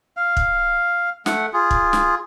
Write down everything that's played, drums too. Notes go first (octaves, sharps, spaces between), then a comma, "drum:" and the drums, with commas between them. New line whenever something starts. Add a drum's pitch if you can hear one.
F5
drum: kick
A3 F#5, drum: snare
F4 G#4
drum: kick
drum: snare